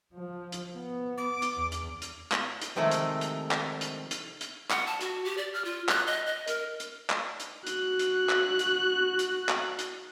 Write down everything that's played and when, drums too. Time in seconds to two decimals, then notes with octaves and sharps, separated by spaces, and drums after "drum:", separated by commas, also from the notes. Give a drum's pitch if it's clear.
0.14 F3
0.52 drum: hi-hat
0.76 B3
1.18 D6
1.42 drum: hi-hat
1.58 E2
1.72 drum: hi-hat
2.02 drum: hi-hat
2.32 drum: clap
2.62 drum: hi-hat
2.76 C3 D#3 F3 G#3 A3
2.91 drum: hi-hat
3.21 drum: hi-hat
3.51 drum: clap
3.81 drum: hi-hat
4.11 drum: hi-hat
4.41 drum: hi-hat
4.70 F#5, drum: clap
4.87 A5
5.01 F#4, drum: hi-hat
5.25 G4
5.37 D5
5.54 F6
5.65 F4
5.89 F#6, drum: clap
6.07 D#5
6.26 D#5
6.48 A#4, drum: hi-hat
6.80 drum: hi-hat
7.10 drum: clap
7.40 drum: hi-hat
7.67 F#4 F#6, drum: hi-hat
7.99 drum: hi-hat
8.29 drum: clap
8.59 drum: hi-hat
9.19 drum: hi-hat
9.49 drum: clap
9.79 drum: hi-hat